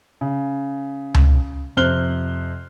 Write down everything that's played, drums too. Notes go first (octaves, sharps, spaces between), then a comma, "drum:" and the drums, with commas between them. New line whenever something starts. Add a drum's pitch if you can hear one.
C#3
drum: tom C#2
F2 C3 C5 F6 F#6 G7